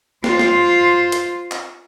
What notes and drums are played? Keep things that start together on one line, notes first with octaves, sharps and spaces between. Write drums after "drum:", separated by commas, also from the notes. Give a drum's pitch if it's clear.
F4 C5, drum: snare
drum: snare
drum: hi-hat
drum: clap